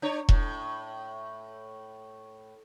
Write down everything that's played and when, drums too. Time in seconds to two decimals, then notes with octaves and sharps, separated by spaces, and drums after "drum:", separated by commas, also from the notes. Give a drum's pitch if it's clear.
0.02 D4 C#5
0.29 A2, drum: kick E1